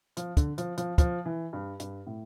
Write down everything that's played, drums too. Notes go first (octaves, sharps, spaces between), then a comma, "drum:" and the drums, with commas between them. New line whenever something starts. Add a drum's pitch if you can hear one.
F3, drum: hi-hat
D3, drum: kick, hi-hat
F3, drum: hi-hat
F3, drum: hi-hat
F3, drum: kick, hi-hat
E3
G2
G2, drum: hi-hat
A2